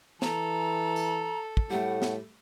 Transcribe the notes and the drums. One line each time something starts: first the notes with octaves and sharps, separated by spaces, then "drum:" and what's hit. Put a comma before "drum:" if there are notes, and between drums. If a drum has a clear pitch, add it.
E3 A4 A#5, drum: snare
drum: tambourine
drum: kick
A2 G3 A3 F#5
drum: snare